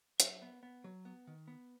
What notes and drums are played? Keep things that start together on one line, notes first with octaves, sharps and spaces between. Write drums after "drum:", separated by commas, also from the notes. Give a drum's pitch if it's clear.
F#3 E5, drum: hi-hat
B3
B3
F#3
B3
D#3
B3